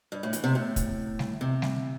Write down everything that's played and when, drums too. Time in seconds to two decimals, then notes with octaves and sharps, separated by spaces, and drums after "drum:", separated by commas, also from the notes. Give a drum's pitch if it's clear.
0.12 G2
0.23 A2
0.33 E3, drum: hi-hat
0.44 C3
0.55 A2
0.76 drum: kick, hi-hat
1.19 drum: snare
1.41 C3
1.62 drum: snare